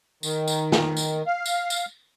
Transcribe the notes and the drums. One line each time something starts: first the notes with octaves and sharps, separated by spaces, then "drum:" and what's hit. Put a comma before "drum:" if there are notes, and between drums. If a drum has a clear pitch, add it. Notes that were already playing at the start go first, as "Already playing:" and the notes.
D#3, drum: tambourine
drum: tambourine
drum: snare
drum: tambourine
F5
drum: tambourine
drum: tambourine